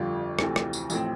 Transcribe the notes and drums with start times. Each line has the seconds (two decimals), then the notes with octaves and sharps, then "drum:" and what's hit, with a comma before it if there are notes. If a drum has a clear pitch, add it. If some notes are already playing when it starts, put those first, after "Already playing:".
Already playing: G1 F2 D3 G3 F4
0.39 D2 C3 E3 A3 C4, drum: rim click
0.56 drum: rim click
0.73 drum: tambourine
0.90 A1 A2 F3 A3 C4, drum: tambourine